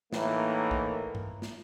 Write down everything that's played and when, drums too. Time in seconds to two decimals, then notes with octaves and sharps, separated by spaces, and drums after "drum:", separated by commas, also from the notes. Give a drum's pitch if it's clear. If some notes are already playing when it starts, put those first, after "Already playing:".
0.13 A2 E3 A#3 D#4 A#4, drum: snare
0.71 drum: kick B1
1.15 drum: tom G2
1.42 drum: snare